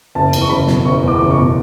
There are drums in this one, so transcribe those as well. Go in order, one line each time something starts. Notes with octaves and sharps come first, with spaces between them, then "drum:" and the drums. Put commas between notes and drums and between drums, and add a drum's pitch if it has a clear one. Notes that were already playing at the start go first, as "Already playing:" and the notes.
F#1 A5
E2, drum: cymbal
C#6
F#1 B5
B2, drum: snare
F#1 C#6
E2
D6
F#1
C#6
B2